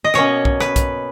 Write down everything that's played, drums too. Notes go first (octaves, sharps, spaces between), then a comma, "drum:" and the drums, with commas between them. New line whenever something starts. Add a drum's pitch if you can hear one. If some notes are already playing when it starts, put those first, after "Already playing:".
D#5
B2 A#3 C#4 C#5, drum: rim click
drum: kick B1
B4, drum: rim click
drum: kick B1, hi-hat